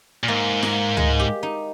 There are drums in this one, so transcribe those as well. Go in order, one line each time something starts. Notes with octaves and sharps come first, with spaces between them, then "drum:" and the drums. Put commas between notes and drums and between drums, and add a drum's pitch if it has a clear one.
A#2
G#2 A#3
A#3, drum: snare
G#3, drum: tom C#2
G4
D#4